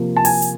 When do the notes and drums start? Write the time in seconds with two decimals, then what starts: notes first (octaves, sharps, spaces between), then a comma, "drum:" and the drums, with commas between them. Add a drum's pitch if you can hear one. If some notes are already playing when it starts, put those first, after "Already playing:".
Already playing: C3 F3 A#3
0.17 A5
0.25 G#5, drum: open hi-hat
0.42 drum: hi-hat